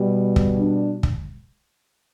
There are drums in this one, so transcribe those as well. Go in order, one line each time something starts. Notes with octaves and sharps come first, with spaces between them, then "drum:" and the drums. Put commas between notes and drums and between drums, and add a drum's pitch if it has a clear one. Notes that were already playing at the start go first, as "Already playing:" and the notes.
Already playing: B2 G3
drum: kick
D4
drum: kick